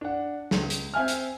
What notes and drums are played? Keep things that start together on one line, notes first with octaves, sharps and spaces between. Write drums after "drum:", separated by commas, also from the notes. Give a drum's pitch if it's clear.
D4 F#5
C#2, drum: snare
drum: hi-hat
C4 E5 G#5 F6
drum: hi-hat